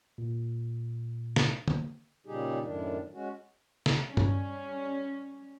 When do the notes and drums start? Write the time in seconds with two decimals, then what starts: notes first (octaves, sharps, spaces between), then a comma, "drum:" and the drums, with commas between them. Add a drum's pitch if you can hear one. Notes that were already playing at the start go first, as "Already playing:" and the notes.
0.18 A#2
1.36 drum: snare
1.68 drum: tom
2.26 A#2 C#3 G3 D#4 G4 G#4
2.61 F#2 A2 D#3 D4
3.13 G#3 C#4 F#4
3.86 drum: snare
4.06 G3 C#4
4.17 drum: tom